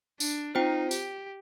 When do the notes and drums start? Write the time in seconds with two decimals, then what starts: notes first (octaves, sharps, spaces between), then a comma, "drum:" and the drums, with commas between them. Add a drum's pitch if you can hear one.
0.20 D4, drum: tambourine
0.55 C4 D#4 F4 C5 G5
0.91 G4, drum: tambourine